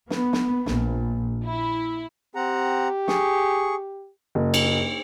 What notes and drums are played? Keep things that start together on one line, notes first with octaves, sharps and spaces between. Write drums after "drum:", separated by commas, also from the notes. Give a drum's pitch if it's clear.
B3, drum: snare
drum: snare
A#1, drum: snare
E4
C4 G4 F#5 A#5
G#4 C#6, drum: snare
F#1
drum: cymbal